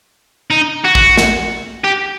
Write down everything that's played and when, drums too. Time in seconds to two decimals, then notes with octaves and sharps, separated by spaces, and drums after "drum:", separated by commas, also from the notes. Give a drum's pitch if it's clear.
0.50 D#4
0.84 F#4
0.95 drum: kick
1.17 drum: snare
1.84 G4